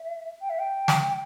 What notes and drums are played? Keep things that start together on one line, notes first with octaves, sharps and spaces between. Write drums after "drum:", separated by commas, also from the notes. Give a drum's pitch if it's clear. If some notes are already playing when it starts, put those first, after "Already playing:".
Already playing: E5
G5
E5
G5
drum: snare